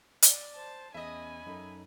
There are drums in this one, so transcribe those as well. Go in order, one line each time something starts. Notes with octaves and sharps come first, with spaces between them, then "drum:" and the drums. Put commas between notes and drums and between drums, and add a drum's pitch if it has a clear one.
D5, drum: hi-hat
C5 A5
E2 C#4 D#5 E5 G#5 B5
F#2 D#4 A4